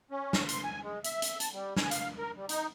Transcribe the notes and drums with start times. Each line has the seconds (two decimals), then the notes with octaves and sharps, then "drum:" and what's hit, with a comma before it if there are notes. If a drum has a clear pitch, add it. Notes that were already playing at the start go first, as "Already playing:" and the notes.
0.11 C#4
0.33 drum: snare
0.49 C6, drum: hi-hat
0.64 G#5
0.83 G#3
1.04 E5, drum: hi-hat
1.22 drum: hi-hat
1.40 A5, drum: hi-hat
1.53 G3
1.76 G#5, drum: snare
1.91 F5, drum: hi-hat
2.18 A#4
2.37 G3
2.49 D#4, drum: hi-hat